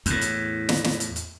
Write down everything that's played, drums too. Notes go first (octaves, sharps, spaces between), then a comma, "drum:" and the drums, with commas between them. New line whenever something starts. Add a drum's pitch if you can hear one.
E2 A2, drum: hi-hat
drum: hi-hat
drum: snare
drum: snare
drum: hi-hat
drum: hi-hat